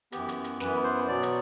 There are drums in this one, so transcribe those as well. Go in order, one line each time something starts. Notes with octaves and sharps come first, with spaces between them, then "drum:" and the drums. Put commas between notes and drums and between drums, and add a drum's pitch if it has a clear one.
F#2 E3 B3 G4, drum: hi-hat
drum: hi-hat
drum: hi-hat
F#2 E3 B3 B4, drum: snare
C5
B2 F#3 B3 D5
drum: hi-hat